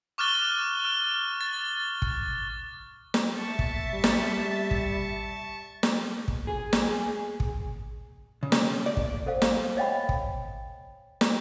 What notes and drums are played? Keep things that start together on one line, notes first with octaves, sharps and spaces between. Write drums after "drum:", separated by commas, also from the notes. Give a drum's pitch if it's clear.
C#6 D6 F6 F#6 A6 G7
F6
A6
drum: kick
drum: snare
E5 A5 C#6 A6
drum: kick
G3
drum: snare
drum: kick
drum: snare
drum: kick
G#4
drum: snare
drum: kick
C#3
drum: snare
D5
drum: kick
A4 C5 F5
drum: snare
C#5 D#5 F5 G5 G#5 B5
drum: kick
drum: snare